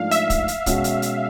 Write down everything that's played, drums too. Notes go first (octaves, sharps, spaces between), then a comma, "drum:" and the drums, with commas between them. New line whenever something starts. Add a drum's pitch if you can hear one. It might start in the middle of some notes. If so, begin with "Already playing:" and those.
Already playing: G#2 F3 A3 D4 F5
E5, drum: hi-hat
drum: kick, hi-hat
drum: hi-hat
B2 G#3 C#4 F#4, drum: kick, hi-hat
drum: hi-hat
drum: hi-hat